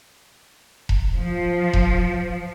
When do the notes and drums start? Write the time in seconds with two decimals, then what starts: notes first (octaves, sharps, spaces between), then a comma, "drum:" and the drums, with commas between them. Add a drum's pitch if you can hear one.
0.89 drum: kick E1
1.17 F3
1.73 drum: kick E1